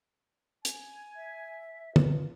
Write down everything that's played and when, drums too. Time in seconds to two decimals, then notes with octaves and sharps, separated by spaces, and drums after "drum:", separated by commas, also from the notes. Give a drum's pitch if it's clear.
0.65 G#5, drum: hi-hat
1.16 E5
1.96 F4 B4, drum: tom